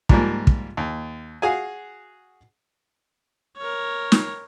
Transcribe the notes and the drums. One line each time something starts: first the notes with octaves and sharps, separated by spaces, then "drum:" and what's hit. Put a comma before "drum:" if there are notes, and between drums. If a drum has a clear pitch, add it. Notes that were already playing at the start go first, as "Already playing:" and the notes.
G#2 F3 G3 A#3, drum: kick
drum: kick
D#2
F#4 G#4 F5 G#5
A#4 C#5
drum: snare